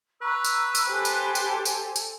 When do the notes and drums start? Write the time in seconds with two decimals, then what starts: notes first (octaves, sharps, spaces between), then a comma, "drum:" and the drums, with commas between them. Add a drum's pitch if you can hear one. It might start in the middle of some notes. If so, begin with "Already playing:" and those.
0.22 B4 A#5 C#6 E6
0.44 drum: tambourine
0.75 drum: tambourine
0.90 G4 A4 C5 G#5
1.05 drum: tambourine
1.35 drum: tambourine
1.65 drum: tambourine
1.96 drum: tambourine